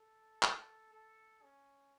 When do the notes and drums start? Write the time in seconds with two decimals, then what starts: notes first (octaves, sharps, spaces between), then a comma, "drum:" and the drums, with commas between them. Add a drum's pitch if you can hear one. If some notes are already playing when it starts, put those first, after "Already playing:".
Already playing: A4
0.43 A4, drum: clap
0.93 A4
1.42 C#4